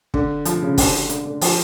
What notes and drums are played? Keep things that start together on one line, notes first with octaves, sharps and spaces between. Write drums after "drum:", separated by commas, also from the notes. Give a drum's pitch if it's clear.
D3, drum: kick
F3, drum: hi-hat
C#3
D3, drum: kick, open hi-hat
D3, drum: hi-hat
D3
F3, drum: open hi-hat